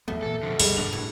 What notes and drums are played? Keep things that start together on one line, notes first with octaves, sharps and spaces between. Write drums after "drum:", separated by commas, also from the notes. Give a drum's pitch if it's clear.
E2 F#3 A3 B3
A#2 E3 A4
B2 D3 F3
C#2 F#2 F3 G3 G#3, drum: open hi-hat
D1 G2 D4 F7
A2